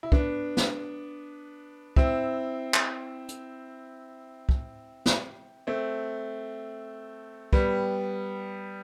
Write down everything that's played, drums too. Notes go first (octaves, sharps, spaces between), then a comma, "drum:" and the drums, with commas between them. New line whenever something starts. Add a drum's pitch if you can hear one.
E4
B3 D4, drum: kick
drum: snare
C4 E4, drum: kick
drum: clap
drum: hi-hat
drum: kick
drum: snare
A3 C4
G3 B3, drum: kick